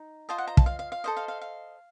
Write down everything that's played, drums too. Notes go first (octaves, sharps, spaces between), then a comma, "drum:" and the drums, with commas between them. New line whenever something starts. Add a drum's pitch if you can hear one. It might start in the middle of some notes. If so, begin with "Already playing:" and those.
Already playing: D#4
F4 C5 D#5 A5
F#5
A#5
A5, drum: kick
F5
F5
F5
A4 C5 D#5
F5
F5
F5